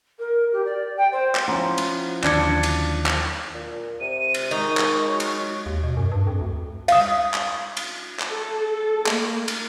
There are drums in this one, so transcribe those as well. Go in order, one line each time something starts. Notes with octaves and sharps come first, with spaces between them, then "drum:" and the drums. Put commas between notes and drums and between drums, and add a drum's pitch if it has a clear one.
A#4
G4
D5
G5
C5
drum: clap
F3 C#4 E4 F#5 A#5 C6
drum: cymbal
D#2 D3 F#3 D4 G6 G#6 C#7, drum: clap
drum: cymbal
drum: clap
A#2
C3 D#7
drum: cymbal
D#3 G#3 D#4 C#6
drum: clap
F#3
drum: cymbal
D#2
B2
F#2
G2
F2
D2
F5 D#6, drum: cymbal
drum: clap
drum: cymbal
drum: clap
A4
A4
A#3, drum: clap
drum: cymbal